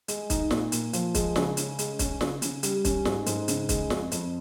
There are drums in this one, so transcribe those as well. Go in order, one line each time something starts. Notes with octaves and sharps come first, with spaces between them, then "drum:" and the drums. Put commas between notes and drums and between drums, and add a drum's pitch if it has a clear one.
G#3, drum: hi-hat
D#4, drum: kick, hi-hat
A#2, drum: snare
A#2, drum: hi-hat
F3, drum: hi-hat
G#3, drum: kick, hi-hat
C#3, drum: snare
C#4, drum: hi-hat
G#3, drum: hi-hat
C#4, drum: kick, hi-hat
C#3, drum: snare
C#3, drum: hi-hat
G3, drum: hi-hat
C#4, drum: kick, hi-hat
G#2, drum: snare
G#2, drum: hi-hat
C#3, drum: hi-hat
G#3, drum: kick, hi-hat
F2, drum: snare
F2, drum: hi-hat